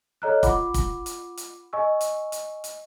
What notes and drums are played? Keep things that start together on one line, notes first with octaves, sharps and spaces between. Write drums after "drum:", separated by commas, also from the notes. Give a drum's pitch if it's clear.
A4 C#5 D#5 A#5 F6 F#6
F4 F#5 B5 D6, drum: kick, hi-hat
drum: kick, hi-hat
drum: hi-hat
drum: hi-hat
D#5 G#5 C#6 E6
drum: hi-hat
drum: hi-hat
drum: hi-hat